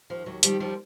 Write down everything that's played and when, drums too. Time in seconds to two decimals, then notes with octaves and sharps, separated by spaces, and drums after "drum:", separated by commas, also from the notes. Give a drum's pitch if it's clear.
0.10 D#2 F3
0.26 D#2 F#3
0.43 D#3 F3 G3, drum: hi-hat
0.60 D#2 F3 G3